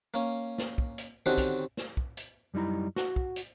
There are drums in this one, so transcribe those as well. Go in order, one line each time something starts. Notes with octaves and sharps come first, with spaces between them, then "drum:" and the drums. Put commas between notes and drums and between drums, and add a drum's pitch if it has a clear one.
A#3 C#4
drum: snare
drum: kick
drum: hi-hat
D3 D#3 C4 C#4 F#4 G4
drum: kick, hi-hat
drum: snare
drum: kick
drum: hi-hat
F#2 G3 D#4 E4 A#5
F#4 F#5, drum: snare
drum: kick
drum: hi-hat